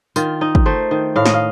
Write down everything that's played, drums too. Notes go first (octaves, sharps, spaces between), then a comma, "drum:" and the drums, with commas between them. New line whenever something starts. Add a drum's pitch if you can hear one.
D#3 F4, drum: tambourine
D#4
drum: kick
A3 C5
D#3
A2 F5
D#5, drum: snare
F5